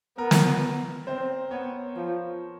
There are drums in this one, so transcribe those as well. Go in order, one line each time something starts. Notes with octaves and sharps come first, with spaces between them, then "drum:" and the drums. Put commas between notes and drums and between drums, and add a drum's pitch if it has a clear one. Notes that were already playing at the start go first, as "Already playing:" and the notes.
B3 A#4
drum: snare
C4 C5
B3 C#5
F3